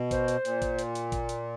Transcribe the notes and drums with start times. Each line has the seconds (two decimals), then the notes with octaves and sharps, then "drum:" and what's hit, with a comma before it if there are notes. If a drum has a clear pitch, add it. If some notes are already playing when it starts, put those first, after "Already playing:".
Already playing: B2
0.11 C5, drum: kick, hi-hat
0.28 drum: hi-hat
0.45 A#2, drum: hi-hat
0.62 drum: kick, hi-hat
0.79 drum: hi-hat
0.95 drum: hi-hat
1.12 drum: kick, hi-hat
1.29 drum: hi-hat